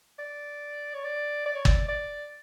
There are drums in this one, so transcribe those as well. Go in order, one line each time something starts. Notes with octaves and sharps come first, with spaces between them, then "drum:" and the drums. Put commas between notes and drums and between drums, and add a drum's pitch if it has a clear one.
D5
C#5
D5
D5
C#5
D5, drum: kick
D5